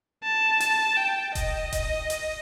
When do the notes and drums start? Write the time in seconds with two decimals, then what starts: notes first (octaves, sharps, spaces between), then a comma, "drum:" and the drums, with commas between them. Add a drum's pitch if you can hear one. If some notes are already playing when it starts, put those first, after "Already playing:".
0.23 A5
0.60 A5, drum: hi-hat
0.97 G5
1.35 D#5, drum: kick D#1, hi-hat
1.72 drum: kick D#1, hi-hat
2.10 drum: hi-hat